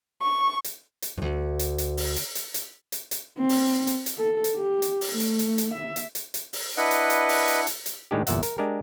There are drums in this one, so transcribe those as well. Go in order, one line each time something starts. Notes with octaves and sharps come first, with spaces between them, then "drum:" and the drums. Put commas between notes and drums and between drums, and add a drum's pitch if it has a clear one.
C#6
drum: hi-hat
drum: hi-hat
D2 G2
drum: hi-hat
drum: hi-hat
drum: open hi-hat
drum: hi-hat
drum: hi-hat
drum: hi-hat
drum: hi-hat
drum: hi-hat
C4
drum: open hi-hat
drum: hi-hat
drum: hi-hat
A4
drum: hi-hat
G4
drum: hi-hat
drum: open hi-hat
A3
drum: hi-hat
drum: hi-hat
drum: hi-hat
E5
drum: hi-hat
drum: hi-hat
drum: hi-hat
drum: open hi-hat
D4 E4 B4 D#5 F#5
drum: hi-hat
drum: hi-hat
drum: open hi-hat
drum: hi-hat
drum: hi-hat
drum: hi-hat
A2 D#3 G#3 D4 G4
G1 E2 A#2 E5 F#5, drum: hi-hat
A#4, drum: hi-hat
G#3 D4 G4 A#4